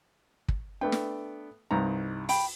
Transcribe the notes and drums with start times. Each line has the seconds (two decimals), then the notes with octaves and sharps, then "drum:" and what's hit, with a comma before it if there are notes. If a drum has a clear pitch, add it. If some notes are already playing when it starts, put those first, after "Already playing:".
0.48 drum: kick
0.81 A3 B3 D4 G5
0.92 drum: snare
1.71 C2 G2 D#4 A#5
2.29 F5 G5 B5, drum: open hi-hat